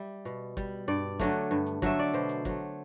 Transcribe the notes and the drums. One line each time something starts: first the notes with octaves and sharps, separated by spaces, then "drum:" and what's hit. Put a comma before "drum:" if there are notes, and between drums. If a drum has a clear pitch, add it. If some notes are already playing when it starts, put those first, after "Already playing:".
Already playing: G3 E5
B2
G3, drum: kick, hi-hat
G2 D5
D3 F#3 A3, drum: kick, hi-hat
G2
drum: hi-hat
D3 F#3 A3 E5, drum: kick, hi-hat
D5
B2 C5
drum: hi-hat
F#3 A3, drum: kick, hi-hat